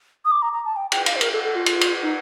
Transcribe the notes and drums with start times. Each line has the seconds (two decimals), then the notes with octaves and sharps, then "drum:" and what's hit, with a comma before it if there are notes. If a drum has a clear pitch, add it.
0.25 D#6
0.32 D6
0.42 A#5
0.53 A#5
0.65 A5
0.76 G5
0.92 G5, drum: cymbal
1.06 F5, drum: cymbal
1.16 C5
1.21 A#4, drum: cymbal
1.33 A4
1.44 A4
1.55 F4
1.66 drum: cymbal
1.81 drum: cymbal
2.03 D#4